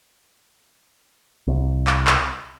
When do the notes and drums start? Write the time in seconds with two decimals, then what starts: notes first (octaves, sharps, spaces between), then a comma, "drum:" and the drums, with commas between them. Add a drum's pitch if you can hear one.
1.47 C2
1.87 drum: clap
2.07 drum: clap